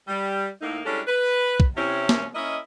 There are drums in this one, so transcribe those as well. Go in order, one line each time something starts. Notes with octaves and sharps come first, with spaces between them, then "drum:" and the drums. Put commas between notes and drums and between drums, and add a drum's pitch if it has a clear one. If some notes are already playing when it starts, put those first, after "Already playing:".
G3
A2 A#3 D#4
G3 G#3 C#4 D4 E4 A4
B4
drum: kick
C3 C#4 E4
drum: snare
A#3 C#4 E4 D#5